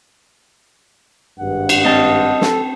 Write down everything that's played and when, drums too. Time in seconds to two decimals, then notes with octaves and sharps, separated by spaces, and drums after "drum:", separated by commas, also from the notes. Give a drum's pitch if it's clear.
1.40 G#1 G2 F#5
1.69 drum: cymbal
1.85 C2 C3 C4 D#5 A5
2.41 A4, drum: snare